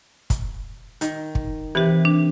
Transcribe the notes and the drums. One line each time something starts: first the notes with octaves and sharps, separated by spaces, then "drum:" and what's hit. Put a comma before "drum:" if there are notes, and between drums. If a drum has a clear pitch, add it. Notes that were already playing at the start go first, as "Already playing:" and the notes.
drum: kick, hi-hat
D#3, drum: hi-hat
drum: kick
C3 E3 G4 B4
D4